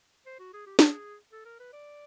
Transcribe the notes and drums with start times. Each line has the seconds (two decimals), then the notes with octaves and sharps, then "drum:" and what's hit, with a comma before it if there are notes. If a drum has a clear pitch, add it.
0.26 C5
0.39 F#4
0.53 G#4
0.67 G4
0.79 G#4, drum: snare
1.32 A4
1.46 A#4
1.60 B4
1.73 D5